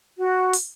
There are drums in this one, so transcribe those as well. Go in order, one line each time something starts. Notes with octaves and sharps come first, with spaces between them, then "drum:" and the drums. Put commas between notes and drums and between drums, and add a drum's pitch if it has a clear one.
F#4
drum: open hi-hat